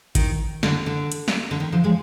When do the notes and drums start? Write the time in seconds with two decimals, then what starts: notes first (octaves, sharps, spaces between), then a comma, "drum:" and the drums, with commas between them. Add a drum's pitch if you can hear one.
0.15 D#3, drum: kick G#1, hi-hat
0.63 D3, drum: snare
0.86 D3
1.12 drum: hi-hat
1.28 drum: snare
1.51 D3
1.60 D#3
1.72 D3 F3
1.84 F3 G#3